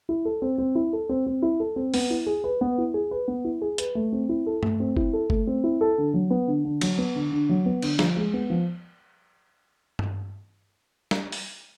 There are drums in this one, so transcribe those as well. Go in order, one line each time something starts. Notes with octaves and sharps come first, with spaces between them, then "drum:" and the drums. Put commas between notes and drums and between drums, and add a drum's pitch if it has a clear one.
E4
A4
C4
C4
E4
A4
C4
C4
E4
A4
C4
B3, drum: open hi-hat
E4
G#4
B4
B3
E4
G#4
B4
B3
E4
G#4
B4, drum: hi-hat
A3
C4
E4
A4
A3, drum: tom G2
C4
E4, drum: kick
A4
A3, drum: kick
C4
E4
A4
D3
F#3
B3
D3
D3
F#3, drum: cymbal
B3
D3
D3
F#3
B3
D3, drum: cymbal
F3, drum: snare
G#3
B3
F3
drum: tom G2
drum: snare
drum: open hi-hat